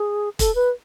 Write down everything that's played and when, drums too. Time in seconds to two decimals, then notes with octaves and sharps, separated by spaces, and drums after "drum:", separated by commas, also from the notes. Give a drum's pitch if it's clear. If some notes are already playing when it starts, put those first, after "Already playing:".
Already playing: G#4
0.39 A4, drum: kick E1, hi-hat
0.55 B4